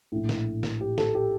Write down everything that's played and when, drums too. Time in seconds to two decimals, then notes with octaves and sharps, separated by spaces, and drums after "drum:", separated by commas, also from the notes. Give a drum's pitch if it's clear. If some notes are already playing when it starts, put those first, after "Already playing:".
0.12 A#1 A2
0.29 drum: snare
0.63 drum: snare
0.81 G4
0.98 A4, drum: snare
1.15 G4